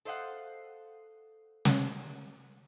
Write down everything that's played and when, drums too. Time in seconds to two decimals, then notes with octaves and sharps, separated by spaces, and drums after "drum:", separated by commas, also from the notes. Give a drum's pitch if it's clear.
0.05 A4 C5 D#5 F5 F#5
1.65 drum: snare